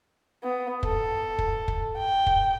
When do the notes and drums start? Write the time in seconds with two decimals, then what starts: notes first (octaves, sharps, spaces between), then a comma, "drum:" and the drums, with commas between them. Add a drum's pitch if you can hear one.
0.44 B3
0.83 A4, drum: kick
1.39 drum: kick
1.68 drum: kick
1.97 G5
2.27 drum: kick